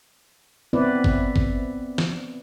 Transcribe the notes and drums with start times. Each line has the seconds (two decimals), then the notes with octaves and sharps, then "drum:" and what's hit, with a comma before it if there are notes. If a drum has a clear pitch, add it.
0.73 B3 C4 E4 B4 D5
1.04 drum: kick
1.36 drum: kick
1.98 drum: snare